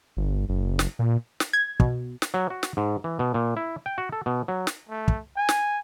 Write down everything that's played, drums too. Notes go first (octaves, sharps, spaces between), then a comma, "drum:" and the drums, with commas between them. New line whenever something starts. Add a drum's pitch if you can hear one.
G1
F#1
drum: snare
A#2
drum: snare
G#6
B2, drum: kick
drum: snare
F#3
F#4
drum: snare
G#2
E3
B2
A#2
E4
G5
F#4
A4
B2
F#3
drum: snare
A3
drum: kick
G#5
drum: snare